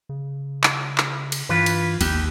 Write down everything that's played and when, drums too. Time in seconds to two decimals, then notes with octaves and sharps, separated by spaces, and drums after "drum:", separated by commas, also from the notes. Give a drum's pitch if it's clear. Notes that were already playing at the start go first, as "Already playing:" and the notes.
0.09 C#3
0.64 drum: clap
0.98 drum: clap
1.32 drum: cymbal
1.49 G2 E3 F4 B4
1.66 drum: cymbal
2.01 A1 D#2 G4, drum: cymbal